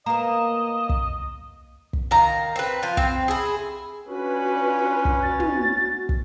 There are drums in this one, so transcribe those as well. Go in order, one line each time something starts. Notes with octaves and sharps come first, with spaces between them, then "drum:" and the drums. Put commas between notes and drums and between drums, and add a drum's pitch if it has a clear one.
A#3 B3 D#5 A#5 E7
drum: kick
drum: kick
D#3 F5 A#5
C4 B4
F3 F4
C4, drum: kick
E4 G#4
C#4 D4 F4 F#4 B4
drum: kick
F#4 A6
drum: tom
drum: kick